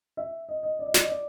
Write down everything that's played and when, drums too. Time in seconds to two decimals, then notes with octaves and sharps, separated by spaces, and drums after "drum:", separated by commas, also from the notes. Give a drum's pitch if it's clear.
0.17 E5
0.49 D#5
0.63 D#5
0.79 D5
0.86 D#5
0.94 D5, drum: snare
1.01 D#5
1.09 D5